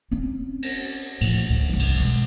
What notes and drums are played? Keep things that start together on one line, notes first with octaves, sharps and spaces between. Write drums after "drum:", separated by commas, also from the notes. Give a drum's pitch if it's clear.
C4 C#4
drum: cymbal
A2 F3, drum: cymbal
D2
C2 G2
drum: cymbal
B2 G#3